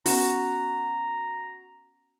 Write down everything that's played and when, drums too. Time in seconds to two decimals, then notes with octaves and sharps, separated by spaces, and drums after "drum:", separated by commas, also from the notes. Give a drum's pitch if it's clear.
0.06 B3 C#4 F#4 A#5, drum: open hi-hat